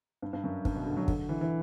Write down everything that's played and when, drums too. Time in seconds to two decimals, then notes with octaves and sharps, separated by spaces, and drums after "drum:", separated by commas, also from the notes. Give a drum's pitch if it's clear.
0.22 G2
0.33 G2
0.44 F#2
0.65 G2, drum: kick
0.76 B2
0.86 D3
0.97 F#3
1.08 D3, drum: kick
1.29 E3
1.41 E3